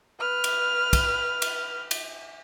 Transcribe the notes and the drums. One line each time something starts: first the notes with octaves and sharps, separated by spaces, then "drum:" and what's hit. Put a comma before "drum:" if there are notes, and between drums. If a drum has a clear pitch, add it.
B4 F6
drum: cymbal
drum: kick, cymbal
drum: cymbal
drum: cymbal